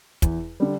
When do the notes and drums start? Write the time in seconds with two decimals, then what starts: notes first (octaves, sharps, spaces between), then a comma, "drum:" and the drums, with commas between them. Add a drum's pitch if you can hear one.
0.22 E2, drum: kick, hi-hat
0.60 D3 G3